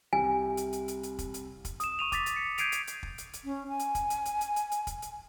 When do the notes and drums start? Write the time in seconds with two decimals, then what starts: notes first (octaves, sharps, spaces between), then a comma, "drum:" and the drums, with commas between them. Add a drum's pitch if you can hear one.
0.13 C2 C3 G#5
0.57 drum: hi-hat
0.73 drum: hi-hat
0.88 drum: hi-hat
1.03 drum: hi-hat
1.19 drum: kick, hi-hat
1.34 drum: hi-hat
1.65 drum: kick, hi-hat
1.80 D#6 E7, drum: hi-hat
1.99 C#6 D#7 F7
2.12 D6 A6 B6, drum: kick, hi-hat
2.26 drum: hi-hat
2.36 B6 C#7
2.58 G6 G#6 C7 D7 D#7 F7, drum: hi-hat
2.72 drum: hi-hat
2.87 drum: hi-hat
3.03 drum: kick
3.18 drum: hi-hat
3.33 drum: hi-hat
3.44 C#4
3.69 G#5
3.79 drum: hi-hat
3.95 drum: kick, hi-hat
4.10 drum: hi-hat
4.25 drum: hi-hat
4.41 drum: hi-hat
4.56 drum: hi-hat
4.71 drum: hi-hat
4.87 drum: kick, hi-hat
5.02 drum: hi-hat